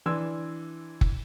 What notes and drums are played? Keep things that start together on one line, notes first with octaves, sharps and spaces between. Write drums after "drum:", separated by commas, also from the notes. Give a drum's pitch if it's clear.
E3 D4 C6 E6 G#6
drum: kick F#1